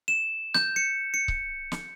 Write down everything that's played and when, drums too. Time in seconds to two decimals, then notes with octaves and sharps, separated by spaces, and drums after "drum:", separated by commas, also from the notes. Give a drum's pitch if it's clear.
0.08 E7
0.54 G6, drum: snare
0.76 C#7
1.14 C#7
1.28 drum: kick C#1
1.72 drum: snare